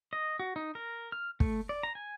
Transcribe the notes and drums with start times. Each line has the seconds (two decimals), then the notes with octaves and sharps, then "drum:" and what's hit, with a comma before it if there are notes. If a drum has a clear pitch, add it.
0.13 D#5
0.39 F#4
0.56 D#4
0.75 A#4
1.12 F6
1.40 A3, drum: kick
1.69 D5
1.83 A#5
1.95 G#5